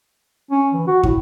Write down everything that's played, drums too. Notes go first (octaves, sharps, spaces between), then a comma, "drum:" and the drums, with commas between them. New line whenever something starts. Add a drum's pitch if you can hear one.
C#4
E3
F#4
A2, drum: kick